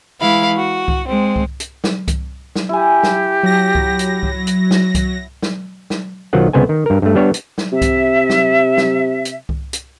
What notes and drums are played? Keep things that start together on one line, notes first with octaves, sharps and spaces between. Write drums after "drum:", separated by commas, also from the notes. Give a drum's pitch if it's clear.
E3 G#3 E4 F5 B5
F#4
drum: kick C2
G#3 C4
drum: kick C2
drum: hi-hat
drum: snare
drum: kick C2, hi-hat
drum: snare
E4 G4 G#5
drum: snare
F#3 A#6
drum: kick C2
drum: hi-hat
drum: kick C2
drum: hi-hat
drum: snare
drum: kick C2, hi-hat
drum: snare
drum: snare
B1 D#3 F#3 F4 C5 F#5
C2 C#3 B3 C5 G#5
D#3
G2 A#4
G2 A3
G3 B3 D4 C#5
drum: hi-hat
drum: snare
C3 E5
drum: kick C2, hi-hat
drum: snare
drum: snare
drum: hi-hat
drum: kick C2
drum: hi-hat